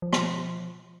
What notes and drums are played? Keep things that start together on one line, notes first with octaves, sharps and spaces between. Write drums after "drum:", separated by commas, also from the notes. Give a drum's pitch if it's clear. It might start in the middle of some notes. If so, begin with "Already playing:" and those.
F3
drum: rim click